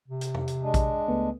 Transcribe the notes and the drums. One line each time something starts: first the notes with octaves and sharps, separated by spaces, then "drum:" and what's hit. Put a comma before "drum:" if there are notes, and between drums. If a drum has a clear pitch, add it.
C3
drum: hi-hat
drum: tom F2
drum: hi-hat
G#3 D4
drum: kick A#1, hi-hat
C#2 A3 B3